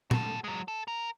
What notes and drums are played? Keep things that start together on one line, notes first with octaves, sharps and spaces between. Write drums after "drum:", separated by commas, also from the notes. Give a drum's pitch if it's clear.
F#4 A4, drum: tom A#2
F#3 G#3
A4
A#4